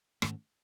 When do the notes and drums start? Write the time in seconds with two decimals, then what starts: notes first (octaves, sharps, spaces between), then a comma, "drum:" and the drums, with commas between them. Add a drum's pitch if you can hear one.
0.22 G#2 D#3 A3 C#4, drum: rim click